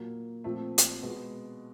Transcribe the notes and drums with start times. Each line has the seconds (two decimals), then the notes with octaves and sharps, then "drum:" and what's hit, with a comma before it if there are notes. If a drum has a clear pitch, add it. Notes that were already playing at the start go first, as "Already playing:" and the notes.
Already playing: A#2 F#3 A#3
0.44 A#2 F3 A3 C4
0.78 drum: hi-hat
1.02 B2 G#3 B3